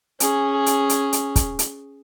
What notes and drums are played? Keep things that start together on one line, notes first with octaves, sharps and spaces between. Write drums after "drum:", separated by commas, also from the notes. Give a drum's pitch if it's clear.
C#4 G#4, drum: hi-hat
drum: hi-hat
drum: hi-hat
drum: hi-hat
drum: kick, hi-hat
drum: hi-hat